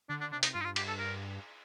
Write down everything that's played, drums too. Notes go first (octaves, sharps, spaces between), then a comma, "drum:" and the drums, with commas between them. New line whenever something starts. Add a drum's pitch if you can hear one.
D3 D4
D4
C3 D4
D#4, drum: hi-hat
G2 F4
D#4
F4
G4, drum: cymbal
A4
A#4